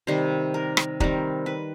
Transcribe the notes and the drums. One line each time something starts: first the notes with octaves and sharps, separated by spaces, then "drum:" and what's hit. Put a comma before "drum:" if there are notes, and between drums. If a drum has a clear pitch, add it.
C3 D#3 G3 C5
A#4
drum: rim click
D#3 G3 C4 A#4, drum: kick
B4